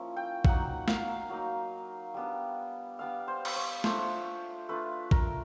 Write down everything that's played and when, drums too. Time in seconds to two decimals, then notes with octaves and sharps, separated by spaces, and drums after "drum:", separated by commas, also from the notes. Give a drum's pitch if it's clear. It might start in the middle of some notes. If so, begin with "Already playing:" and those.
Already playing: F3 A#3 C#4 E4
0.17 G5
0.45 F#3 A#3 D#4 F#5, drum: kick
0.88 F5, drum: snare
1.30 F#3 A#3 D#4
2.14 G3 B3 D4
2.99 G3 B3 D4 F5
3.28 C5
3.45 drum: cymbal
3.56 C#5
3.84 A3 D4 F4 C5, drum: snare
4.69 A3 D4 F4 B4
5.11 A#4, drum: kick